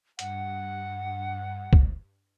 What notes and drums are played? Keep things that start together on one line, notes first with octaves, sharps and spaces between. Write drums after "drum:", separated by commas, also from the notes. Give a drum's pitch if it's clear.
G2 F#5, drum: hi-hat
drum: kick